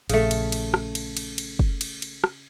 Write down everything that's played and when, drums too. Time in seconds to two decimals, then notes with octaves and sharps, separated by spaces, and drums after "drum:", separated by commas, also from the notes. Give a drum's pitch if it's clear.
0.09 A#1 C#3 A3, drum: cymbal
0.31 drum: cymbal
0.52 drum: cymbal
0.74 drum: rim click
0.95 drum: cymbal
1.17 drum: cymbal
1.38 drum: cymbal
1.59 drum: kick
1.81 drum: cymbal
2.02 drum: cymbal
2.24 drum: rim click